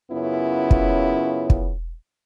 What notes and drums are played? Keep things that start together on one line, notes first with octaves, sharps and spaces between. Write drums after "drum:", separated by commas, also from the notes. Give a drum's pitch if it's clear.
F#2 C#3 B3 C#4 E4 F4
drum: kick
drum: kick